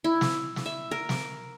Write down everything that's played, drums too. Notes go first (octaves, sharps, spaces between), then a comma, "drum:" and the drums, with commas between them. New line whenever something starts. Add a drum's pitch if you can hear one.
E4
drum: snare
drum: snare
E5
A#4
drum: snare